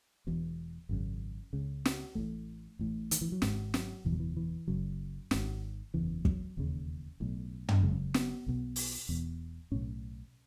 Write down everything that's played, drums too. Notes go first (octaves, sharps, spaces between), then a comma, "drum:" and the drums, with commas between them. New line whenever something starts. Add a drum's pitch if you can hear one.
E1 E2 B2
G#1 F#2 C#3
C#2 C#3
drum: snare
A1 A2 A3
A1 A2
D#3, drum: hi-hat
E3
F#3
G#1 G#2 G#3, drum: snare
F#3, drum: snare
F#1 E2 B2 E3
F#3
E3
E3
F#1 F#2 C#3 F#3
G#1 G#2, drum: snare
F#1 E2 C#3 E3
F#3, drum: kick
E1 D#2 C#3
B1 A2
drum: tom
F#1 F#2 C#3 G#3
B3, drum: snare
B1 B2
drum: open hi-hat
E1 E2 B2
B1 A2 C#4